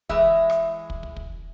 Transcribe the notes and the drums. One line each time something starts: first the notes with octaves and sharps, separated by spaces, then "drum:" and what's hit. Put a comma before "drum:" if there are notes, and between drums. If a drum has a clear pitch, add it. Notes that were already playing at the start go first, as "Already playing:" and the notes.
E3 G#3 E5, drum: kick
drum: rim click
drum: kick
drum: kick
drum: kick